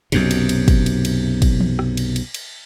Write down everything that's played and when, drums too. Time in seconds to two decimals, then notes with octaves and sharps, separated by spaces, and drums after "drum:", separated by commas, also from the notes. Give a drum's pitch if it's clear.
0.12 B1 F#2 C3, drum: cymbal
0.31 drum: cymbal
0.49 drum: cymbal
0.68 drum: kick, cymbal
0.86 drum: cymbal
1.05 drum: cymbal
1.42 drum: kick, cymbal
1.60 drum: tom E3
1.79 drum: rim click
1.97 drum: cymbal
2.16 drum: cymbal
2.34 drum: cymbal